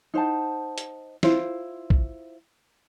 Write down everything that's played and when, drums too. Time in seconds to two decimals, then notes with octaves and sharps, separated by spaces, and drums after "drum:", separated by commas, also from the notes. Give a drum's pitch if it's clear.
0.14 D#4 C5 F#5 A5
0.78 drum: hi-hat
1.23 E4 F4 C5, drum: snare
1.90 drum: kick B1